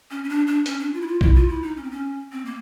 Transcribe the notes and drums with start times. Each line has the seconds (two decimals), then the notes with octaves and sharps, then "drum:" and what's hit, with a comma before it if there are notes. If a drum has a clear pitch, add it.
0.11 C#4
0.24 C#4
0.29 D4
0.47 D4
0.66 C#4, drum: hi-hat
0.80 D4
0.94 F4
1.01 E4
1.07 F4
1.21 E4, drum: kick B1
1.35 F4
1.49 E4
1.63 D#4
1.77 C#4
1.83 C4
1.91 C#4
2.32 C4
2.45 A#3